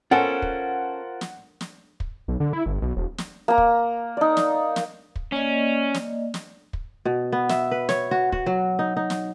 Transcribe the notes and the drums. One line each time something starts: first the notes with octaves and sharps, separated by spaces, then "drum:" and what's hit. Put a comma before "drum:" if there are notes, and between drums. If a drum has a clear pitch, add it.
C#4 F4 A4 A#4 C5 F#5
drum: kick
drum: snare
drum: snare
drum: kick
B1
D3
E4
G1
B1
E1
drum: snare
A#3 A#5
drum: kick
D#4 D5
drum: snare
drum: snare
drum: kick
A#3 C#4 D5 D#5
drum: snare
drum: snare
drum: kick
B2
B3
E5, drum: snare
B4
C#5, drum: snare
F#4
F#4, drum: kick
F#3
D#4
D#4
drum: snare